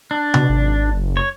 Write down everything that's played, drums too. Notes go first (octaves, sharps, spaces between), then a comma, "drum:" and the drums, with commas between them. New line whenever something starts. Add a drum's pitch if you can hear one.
D4
B2, drum: tom C3
G#1
F#1
C#5